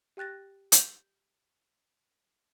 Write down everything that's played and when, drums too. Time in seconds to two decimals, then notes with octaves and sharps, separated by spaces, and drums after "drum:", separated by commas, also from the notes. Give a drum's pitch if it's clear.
0.17 G4 G5 F#6 A6 A#6
0.72 G6, drum: hi-hat